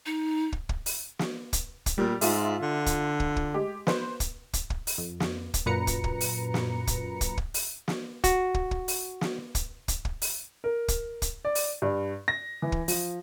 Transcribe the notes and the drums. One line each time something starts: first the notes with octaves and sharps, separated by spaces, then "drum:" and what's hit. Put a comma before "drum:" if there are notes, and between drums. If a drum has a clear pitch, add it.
D#4
drum: kick
drum: kick
drum: open hi-hat
drum: snare
drum: kick, hi-hat
drum: kick, hi-hat
A#2 G3
G#2 F4 E5, drum: open hi-hat
D3
drum: kick, hi-hat
drum: kick
drum: kick
G#3 G4
B4 C5, drum: snare
drum: kick, hi-hat
drum: kick, hi-hat
drum: kick
drum: open hi-hat
F2
drum: snare
drum: kick, hi-hat
F#2 A#2 B4 A#5 C#7
drum: kick, hi-hat
drum: kick
drum: open hi-hat
drum: snare
drum: kick, hi-hat
drum: kick, hi-hat
drum: kick
drum: open hi-hat
drum: snare
F#4, drum: kick, hi-hat
drum: kick
drum: kick
drum: open hi-hat
drum: snare
drum: kick, hi-hat
drum: kick, hi-hat
drum: kick
drum: open hi-hat
A#4
drum: kick, hi-hat
drum: kick, hi-hat
D5
drum: open hi-hat
G2
A#6
E3
drum: kick
F3, drum: open hi-hat